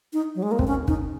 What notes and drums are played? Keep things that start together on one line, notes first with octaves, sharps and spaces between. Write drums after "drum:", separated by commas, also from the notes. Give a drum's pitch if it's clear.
D#4
F#3
G#3
A#3
C4, drum: kick
C#4
D#4, drum: kick